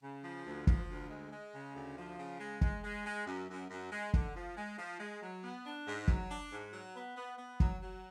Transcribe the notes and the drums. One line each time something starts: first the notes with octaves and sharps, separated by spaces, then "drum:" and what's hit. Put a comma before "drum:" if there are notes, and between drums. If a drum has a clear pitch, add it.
C#3
F3
D2
F3, drum: kick
D2
G#3
G#3
C#3
D2
F3
C#3
G#3
G#3, drum: kick
G#3
G#3
F#2
F#2
F#2
G#3
D3, drum: kick
F3
G#3
F3
G#3
F#3
B3
D4
G#2
F#3, drum: kick
D4
G#2
F#3
B3
B3
B3
F#3, drum: kick
F#3